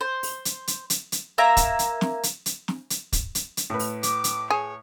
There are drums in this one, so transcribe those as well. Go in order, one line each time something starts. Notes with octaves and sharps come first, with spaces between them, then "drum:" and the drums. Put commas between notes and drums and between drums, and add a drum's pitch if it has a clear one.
C5
drum: open hi-hat
drum: hi-hat
drum: hi-hat
drum: hi-hat
drum: hi-hat
A#3 E5 A#5
drum: kick, hi-hat
drum: hi-hat
drum: snare
drum: hi-hat
drum: hi-hat
drum: snare
drum: hi-hat
drum: kick, hi-hat
drum: hi-hat
drum: hi-hat
A2 B4
drum: open hi-hat
D6, drum: hi-hat
drum: hi-hat
G#4 C#5